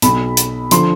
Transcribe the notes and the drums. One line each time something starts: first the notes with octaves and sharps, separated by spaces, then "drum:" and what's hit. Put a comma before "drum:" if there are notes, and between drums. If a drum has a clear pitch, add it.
B1 B2 B5, drum: hi-hat
drum: hi-hat
D3 F3 C6, drum: hi-hat